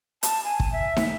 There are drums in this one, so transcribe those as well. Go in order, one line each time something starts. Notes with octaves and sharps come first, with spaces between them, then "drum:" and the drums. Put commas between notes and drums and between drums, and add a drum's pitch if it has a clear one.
A5, drum: hi-hat
G#5
drum: kick
E5
drum: snare